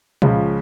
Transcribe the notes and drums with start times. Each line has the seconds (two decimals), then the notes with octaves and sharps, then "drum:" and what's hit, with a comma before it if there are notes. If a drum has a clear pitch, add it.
0.22 C#2 C#3 F3, drum: tom A#2